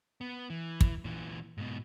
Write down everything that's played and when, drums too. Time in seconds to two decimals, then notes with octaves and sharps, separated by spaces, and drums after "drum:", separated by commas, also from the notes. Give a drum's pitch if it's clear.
0.21 B3
0.50 E3
0.81 drum: kick
1.04 A#2 E3
1.58 G#2 B2